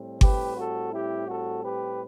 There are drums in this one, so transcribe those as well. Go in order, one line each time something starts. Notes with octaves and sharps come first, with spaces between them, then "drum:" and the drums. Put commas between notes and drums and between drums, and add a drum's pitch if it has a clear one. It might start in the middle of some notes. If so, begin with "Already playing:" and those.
Already playing: A2 G3 C4
G4 B4, drum: kick G1
F#4 A4
E4 G4
F#4 A4
G4 B4